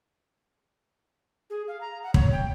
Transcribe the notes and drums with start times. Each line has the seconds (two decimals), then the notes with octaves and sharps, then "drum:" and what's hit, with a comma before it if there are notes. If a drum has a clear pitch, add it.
1.50 G#4
1.68 F5
1.81 A#5
2.03 F#5
2.14 C#5, drum: kick
2.32 G5